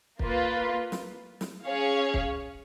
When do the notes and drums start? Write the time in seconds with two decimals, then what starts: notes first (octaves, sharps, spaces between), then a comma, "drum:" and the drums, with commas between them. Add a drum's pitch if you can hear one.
0.19 A#3 F4 B4, drum: kick
0.92 drum: snare
1.41 drum: snare
1.64 C#4 G#4 C#5 F5
2.14 drum: kick